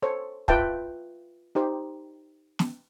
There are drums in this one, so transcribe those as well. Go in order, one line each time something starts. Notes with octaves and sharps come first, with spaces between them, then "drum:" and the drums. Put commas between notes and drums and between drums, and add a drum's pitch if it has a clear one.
A4 C5 C#5
F4 B4 E5 G5 A5, drum: kick
D#4 G4 C5
drum: snare